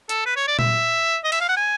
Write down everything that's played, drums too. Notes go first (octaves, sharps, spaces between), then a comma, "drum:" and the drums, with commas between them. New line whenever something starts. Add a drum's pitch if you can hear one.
A4, drum: hi-hat
B4
C#5
D5
E5, drum: tom A#2
D#5
E5, drum: cymbal
F5
F#5
G#5